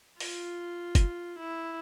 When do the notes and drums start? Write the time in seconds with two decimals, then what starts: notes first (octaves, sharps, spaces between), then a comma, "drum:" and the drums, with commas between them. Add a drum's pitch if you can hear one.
0.20 F4, drum: open hi-hat
0.95 drum: kick, hi-hat
1.39 E4